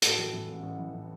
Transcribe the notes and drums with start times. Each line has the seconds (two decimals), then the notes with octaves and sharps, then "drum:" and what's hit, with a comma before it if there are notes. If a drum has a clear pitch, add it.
0.02 A2 F#4 A4, drum: hi-hat
0.18 E3
0.33 E3
0.49 A1
0.63 A1
0.78 E3
0.94 E3